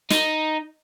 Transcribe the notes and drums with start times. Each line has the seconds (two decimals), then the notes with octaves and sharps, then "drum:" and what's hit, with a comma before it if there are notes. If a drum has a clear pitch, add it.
0.10 D#4, drum: snare